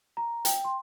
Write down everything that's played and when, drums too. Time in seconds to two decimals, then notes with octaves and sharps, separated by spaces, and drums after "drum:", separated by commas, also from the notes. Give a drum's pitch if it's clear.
0.17 A#5
0.45 G5, drum: hi-hat
0.65 C6